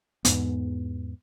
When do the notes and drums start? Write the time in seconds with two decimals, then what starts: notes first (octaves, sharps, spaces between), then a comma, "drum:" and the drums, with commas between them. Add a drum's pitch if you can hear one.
0.25 E2 G#2 B3, drum: hi-hat